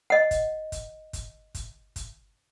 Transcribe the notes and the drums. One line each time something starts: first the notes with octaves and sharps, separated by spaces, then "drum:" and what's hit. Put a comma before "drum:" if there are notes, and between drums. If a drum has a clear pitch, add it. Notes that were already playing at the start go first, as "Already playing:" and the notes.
D#5 F#5
drum: kick G1, hi-hat
drum: kick G1, hi-hat
drum: kick G1, hi-hat
drum: kick G1, hi-hat
drum: kick G1, hi-hat